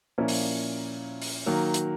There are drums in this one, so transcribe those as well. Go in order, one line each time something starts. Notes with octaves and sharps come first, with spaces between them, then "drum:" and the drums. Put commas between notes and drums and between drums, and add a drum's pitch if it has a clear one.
A#2 F3 A#3 C#4 E4
drum: open hi-hat
drum: open hi-hat
D#3 F#3 A#3
drum: hi-hat